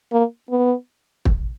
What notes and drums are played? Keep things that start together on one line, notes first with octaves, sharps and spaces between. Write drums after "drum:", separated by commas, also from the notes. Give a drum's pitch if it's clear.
A#3
B3
drum: kick